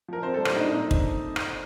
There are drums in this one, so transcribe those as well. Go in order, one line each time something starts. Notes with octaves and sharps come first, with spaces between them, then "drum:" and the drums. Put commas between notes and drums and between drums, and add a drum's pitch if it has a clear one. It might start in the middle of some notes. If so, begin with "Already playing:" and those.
F3 A#4
C4 C5
G3 A4
D4, drum: rim click
A#2 D#4
A#2 D#4
drum: kick
drum: rim click